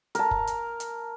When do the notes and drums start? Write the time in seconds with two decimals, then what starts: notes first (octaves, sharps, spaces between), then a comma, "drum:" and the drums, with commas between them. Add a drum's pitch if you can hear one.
0.15 A#4 A5, drum: hi-hat
0.31 drum: kick F#1
0.47 drum: hi-hat
0.80 drum: hi-hat